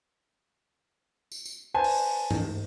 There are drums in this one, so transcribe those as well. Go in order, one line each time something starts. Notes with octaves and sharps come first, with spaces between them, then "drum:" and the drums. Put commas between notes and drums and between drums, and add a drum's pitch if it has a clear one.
drum: tambourine
drum: tambourine
B4 C5 G#5 A5
drum: open hi-hat
drum: tom G2